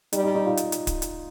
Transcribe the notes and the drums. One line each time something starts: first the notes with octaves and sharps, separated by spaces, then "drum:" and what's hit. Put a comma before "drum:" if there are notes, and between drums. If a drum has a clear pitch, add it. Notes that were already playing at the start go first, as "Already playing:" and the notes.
G3 D#4, drum: hi-hat
D#4
D#4
F4
drum: hi-hat
drum: hi-hat
drum: kick D1, hi-hat
drum: hi-hat